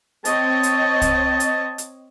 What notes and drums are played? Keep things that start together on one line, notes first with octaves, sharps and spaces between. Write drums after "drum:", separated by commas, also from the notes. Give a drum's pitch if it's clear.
C4 C#5 D#5 A5, drum: hi-hat
drum: hi-hat
drum: kick C2, hi-hat
drum: hi-hat
drum: hi-hat